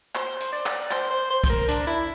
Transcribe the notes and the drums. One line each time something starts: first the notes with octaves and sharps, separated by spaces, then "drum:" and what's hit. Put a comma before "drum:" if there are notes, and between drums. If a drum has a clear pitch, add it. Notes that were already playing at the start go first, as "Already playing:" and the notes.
C5, drum: clap
drum: hi-hat
D5
drum: clap
C5, drum: clap
C5
C5
C5, drum: kick, hi-hat
A#4
D4, drum: hi-hat
E4